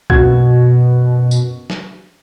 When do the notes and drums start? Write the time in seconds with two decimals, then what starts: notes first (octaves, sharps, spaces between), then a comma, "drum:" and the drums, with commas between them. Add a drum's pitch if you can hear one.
0.10 F#1 B2 F#4 G#6, drum: kick B1
1.31 drum: tambourine
1.70 drum: snare